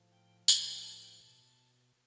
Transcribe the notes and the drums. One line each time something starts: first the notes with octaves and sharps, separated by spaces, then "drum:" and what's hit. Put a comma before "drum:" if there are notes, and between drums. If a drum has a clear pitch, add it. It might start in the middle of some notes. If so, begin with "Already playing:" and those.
Already playing: A2 F3
G5
A2 F3 G5, drum: tambourine
G5
A5
G5
B2 A5